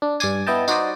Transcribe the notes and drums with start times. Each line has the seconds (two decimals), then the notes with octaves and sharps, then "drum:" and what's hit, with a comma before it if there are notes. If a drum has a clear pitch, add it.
0.02 D4
0.20 G2 D5 G#5, drum: tambourine
0.47 B3 E4 D#5 G5 A5
0.68 D#4 F#4 C5 D5 D#5, drum: tambourine